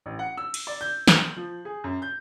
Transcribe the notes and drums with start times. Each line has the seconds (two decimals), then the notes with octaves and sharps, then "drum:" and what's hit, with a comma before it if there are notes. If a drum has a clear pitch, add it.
0.06 A1
0.19 F#5
0.37 E6
0.54 drum: cymbal
0.67 D5
0.81 G6
1.08 drum: snare
1.18 F#7
1.36 F3
1.65 G#4
1.84 F#2
2.02 G6